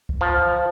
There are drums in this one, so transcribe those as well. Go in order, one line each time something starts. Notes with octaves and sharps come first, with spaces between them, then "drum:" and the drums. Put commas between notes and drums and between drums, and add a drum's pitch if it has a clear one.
drum: kick C#2
F3